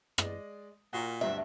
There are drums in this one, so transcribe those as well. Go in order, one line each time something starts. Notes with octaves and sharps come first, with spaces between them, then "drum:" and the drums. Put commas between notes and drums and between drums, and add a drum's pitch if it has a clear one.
G#3 D5 D#5, drum: rim click
A#2 F#4 A#4 C#6 A#6
D2 G2 C3 F#3 D4 F#4 E5